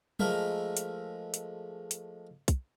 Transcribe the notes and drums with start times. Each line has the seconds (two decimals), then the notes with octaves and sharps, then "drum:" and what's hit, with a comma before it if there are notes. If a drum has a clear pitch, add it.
0.19 F3 G#3 A3 A#4 E5, drum: tom F#3
0.77 drum: hi-hat
1.34 drum: hi-hat
1.91 drum: hi-hat
2.48 drum: kick, hi-hat